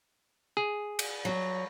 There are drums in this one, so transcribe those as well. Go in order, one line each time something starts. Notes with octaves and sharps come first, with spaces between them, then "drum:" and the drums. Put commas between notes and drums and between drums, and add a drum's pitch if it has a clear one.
G#4
drum: cymbal
F#3